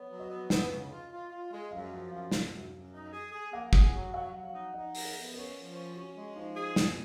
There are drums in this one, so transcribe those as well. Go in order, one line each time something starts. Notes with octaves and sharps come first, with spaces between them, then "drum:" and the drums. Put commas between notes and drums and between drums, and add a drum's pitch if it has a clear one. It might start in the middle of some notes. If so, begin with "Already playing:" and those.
Already playing: B3 C#5
F#3
D#5
B3
B3, drum: snare
C#3
F4
F4
F4
G#3
F#2 F5
F3 F5
F#2 F5
F#2, drum: snare
F#2
F#2
D#4
G#4
G#4
A#3 F#5
G#4, drum: kick
G#5
F#3
F#3 F#5
F#3
F5
D#4
D#4 D#5
A#4, drum: open hi-hat
G#4
B3
C#4 A#4
F3
C#4
C#4 F#4
G#3
F3 D#4
G#4
B2, drum: snare